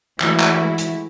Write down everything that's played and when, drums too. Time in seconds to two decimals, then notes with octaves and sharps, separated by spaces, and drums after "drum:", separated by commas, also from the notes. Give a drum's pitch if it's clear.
0.20 E3 G#3 A3 E4 F#4, drum: clap
0.40 drum: clap
0.78 drum: hi-hat